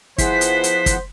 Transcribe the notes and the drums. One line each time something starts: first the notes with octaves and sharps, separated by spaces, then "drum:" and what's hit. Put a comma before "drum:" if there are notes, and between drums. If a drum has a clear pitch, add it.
F3 B3 E4 G#4 C5 F#5 B6, drum: kick, hi-hat
drum: hi-hat
drum: hi-hat
drum: kick, hi-hat